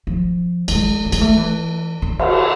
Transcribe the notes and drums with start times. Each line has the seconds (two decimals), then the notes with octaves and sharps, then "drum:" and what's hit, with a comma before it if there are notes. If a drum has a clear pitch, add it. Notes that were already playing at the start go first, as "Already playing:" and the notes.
0.07 F3
0.68 F3, drum: cymbal
0.72 G#3
1.05 A3
1.12 G#3, drum: cymbal
1.21 A3
1.37 E3
2.02 D3
2.19 drum: cymbal